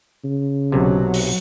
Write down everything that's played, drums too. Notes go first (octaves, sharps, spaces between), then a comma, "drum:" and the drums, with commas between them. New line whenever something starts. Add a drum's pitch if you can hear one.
C#3
B1 C3 F#3
drum: open hi-hat